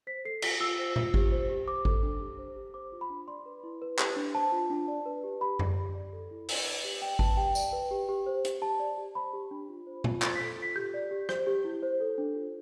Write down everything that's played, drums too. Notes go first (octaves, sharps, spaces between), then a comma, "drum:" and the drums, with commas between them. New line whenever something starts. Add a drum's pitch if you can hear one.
C5 B6
A4 C7
F4 B6, drum: cymbal
F4 E6
C5
F4, drum: tom A#2
G4, drum: kick G#1
C5
G4
C5 D6
A4, drum: kick G#1
D4
G4
C5
G4
C5 D6
F4
B5
D4
D5 C6
B4
E4
B4
G4, drum: clap
D4
C5 A5
F4
D4
D5
B4
G4
G4 B5
D5, drum: tom F#2
G4
D5
A4
E4
D5, drum: open hi-hat
B4
G4
D5 G5
B4 A5, drum: kick G#1
G4 G5
D5, drum: tambourine
B4
G4
G4
C5
G4, drum: hi-hat
G4 A5
D5
G4
C5 B5
G4
D4
F4
C5
F4, drum: tom A#2
C5 A6, drum: clap
B6
A4
F4 B6
G4 G6
D5
G4
C5 G6, drum: rim click
G4
E4
C5
A4
D4
F4